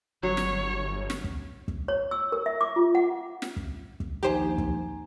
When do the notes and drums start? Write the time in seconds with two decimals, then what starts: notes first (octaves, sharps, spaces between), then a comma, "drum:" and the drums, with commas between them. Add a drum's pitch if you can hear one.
0.23 G1 F#3 C#5
0.37 drum: snare
1.10 drum: snare
1.24 drum: kick
1.68 drum: kick
1.88 C#5
2.11 E6
2.32 A#4
2.46 E5
2.61 D6
2.76 F4
2.95 F#5
3.42 drum: snare
3.57 drum: kick
4.00 drum: kick
4.23 A#1 D#2 D#4 G4 C5 G#5 A#5
4.58 drum: kick